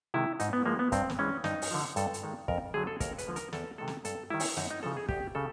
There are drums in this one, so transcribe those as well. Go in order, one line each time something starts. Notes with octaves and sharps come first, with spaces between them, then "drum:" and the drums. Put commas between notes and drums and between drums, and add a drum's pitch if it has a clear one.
C3 D#3 G#3 E4
G#2 D#4, drum: hi-hat
B3
F3 G#3 A#3
B3
G2 C4, drum: kick, hi-hat
drum: snare
E3 G#3 C#4
G2 D#4, drum: snare
drum: open hi-hat
D3 F3
G2 A4, drum: hi-hat
drum: hi-hat
D#3 G#3
F2 A#4, drum: kick
D3 F#3 G#4
A4
D#2 A#4, drum: kick, hi-hat
B4, drum: hi-hat
D3 F3 G#3
A#4, drum: hi-hat
E2 A4, drum: snare
C3 D#3 G#3 A4
drum: snare
G2 A4, drum: hi-hat
D#3 G3 E4
drum: open hi-hat
F#2 D#4, drum: snare
D#4
C#3 F3 A4
G#4
D2 G4, drum: kick
C#3 A4